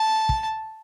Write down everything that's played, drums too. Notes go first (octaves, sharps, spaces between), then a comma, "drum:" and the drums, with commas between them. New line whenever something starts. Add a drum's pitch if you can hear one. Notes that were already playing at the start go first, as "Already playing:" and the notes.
Already playing: A5
drum: kick